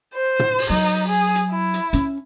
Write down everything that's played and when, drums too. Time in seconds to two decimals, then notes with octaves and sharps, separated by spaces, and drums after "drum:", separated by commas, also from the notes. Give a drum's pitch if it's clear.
0.14 C5
0.39 drum: tom
0.59 drum: open hi-hat
0.70 F#3 D#4
1.08 G#4
1.35 drum: hi-hat
1.51 E4
1.74 drum: hi-hat
1.93 C#4, drum: hi-hat